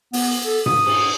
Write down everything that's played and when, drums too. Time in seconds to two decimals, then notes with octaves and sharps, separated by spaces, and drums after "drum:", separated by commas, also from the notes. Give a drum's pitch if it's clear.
0.13 B3, drum: open hi-hat
0.44 A4
0.66 D#6, drum: tom G#2
0.86 drum: cymbal